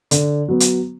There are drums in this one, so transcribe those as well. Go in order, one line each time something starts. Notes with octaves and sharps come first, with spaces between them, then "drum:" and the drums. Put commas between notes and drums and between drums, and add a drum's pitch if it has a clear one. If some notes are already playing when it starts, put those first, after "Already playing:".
D3, drum: hi-hat
F#3 B3
drum: hi-hat